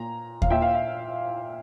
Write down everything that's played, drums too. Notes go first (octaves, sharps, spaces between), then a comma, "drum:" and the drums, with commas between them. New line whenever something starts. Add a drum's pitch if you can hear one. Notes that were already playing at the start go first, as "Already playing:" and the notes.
Already playing: A#2 A#5
F5, drum: kick D#2
A#2 E5 G5
F5
E5